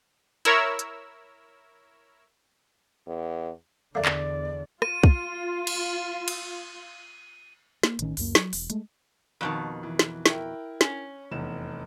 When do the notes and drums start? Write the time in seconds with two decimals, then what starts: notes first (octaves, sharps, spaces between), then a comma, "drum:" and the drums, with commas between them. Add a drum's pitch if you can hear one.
0.45 E4 A#4 C#5 E6, drum: hi-hat
0.79 drum: hi-hat
3.07 E2
3.95 E2 D3 A3 A#3 D5
4.05 drum: clap
4.82 F4 D#7, drum: rim click
5.03 drum: kick
5.67 drum: cymbal
6.28 drum: cymbal
7.83 A#3, drum: snare
7.99 A1 A2 D#3 C#4, drum: hi-hat
8.17 C#2 F#2 A#3, drum: open hi-hat
8.35 F#3, drum: snare
8.53 E1, drum: open hi-hat
8.70 G#3 A3, drum: hi-hat
9.41 F2 B2 D#3 A5 C#6 F#6
9.83 E3
9.99 drum: snare
10.26 E4 A#4 G5, drum: snare
10.81 C#4, drum: snare
11.31 F1 E2 E7